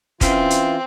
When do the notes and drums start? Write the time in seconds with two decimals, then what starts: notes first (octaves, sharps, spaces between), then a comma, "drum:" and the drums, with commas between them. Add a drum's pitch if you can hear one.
0.21 E3 C4 C#4 F4, drum: kick, hi-hat
0.50 drum: hi-hat